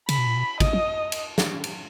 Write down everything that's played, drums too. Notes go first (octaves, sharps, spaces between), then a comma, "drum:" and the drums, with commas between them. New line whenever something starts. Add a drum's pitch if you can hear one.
C#3 B5, drum: cymbal
B2
A#2
B2
C#3 D#5, drum: kick, cymbal
F#3
drum: cymbal
drum: snare
drum: cymbal